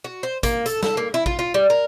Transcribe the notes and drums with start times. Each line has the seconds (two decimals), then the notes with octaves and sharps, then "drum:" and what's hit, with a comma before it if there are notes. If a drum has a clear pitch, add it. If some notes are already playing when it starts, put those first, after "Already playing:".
0.04 F#4
0.23 C5
0.43 A#3, drum: kick, hi-hat
0.66 A4, drum: hi-hat
0.83 A4, drum: snare
0.97 A#3
1.14 E4
1.26 F4, drum: kick
1.39 F4
1.54 G3
1.70 A#4